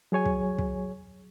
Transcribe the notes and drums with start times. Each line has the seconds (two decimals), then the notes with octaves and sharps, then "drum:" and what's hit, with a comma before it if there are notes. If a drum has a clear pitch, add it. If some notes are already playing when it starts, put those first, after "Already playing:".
0.12 F#3 G#4 C#5 G#5
0.26 drum: kick
0.58 drum: kick